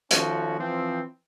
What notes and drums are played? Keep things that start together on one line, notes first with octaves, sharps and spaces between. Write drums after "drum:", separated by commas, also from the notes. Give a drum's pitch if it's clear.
D#3 F3 A3 C#4 F#4, drum: hi-hat
E3 F3 C4